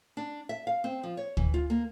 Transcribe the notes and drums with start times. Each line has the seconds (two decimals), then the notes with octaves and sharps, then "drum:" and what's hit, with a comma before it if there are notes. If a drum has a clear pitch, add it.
0.17 D4
0.49 E5
0.67 F5
0.84 C4
1.03 F3
1.17 C#5
1.37 E3, drum: kick
1.54 F4
1.70 A#3